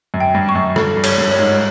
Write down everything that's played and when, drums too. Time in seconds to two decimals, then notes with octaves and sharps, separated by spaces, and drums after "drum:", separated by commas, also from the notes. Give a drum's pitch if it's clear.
0.14 F#2
0.21 G5
0.35 G2
0.49 C#6
0.55 F#2
0.76 G2 A4, drum: rim click
0.97 G2
1.04 C#5, drum: cymbal
1.18 G2
1.32 C#5
1.39 G#2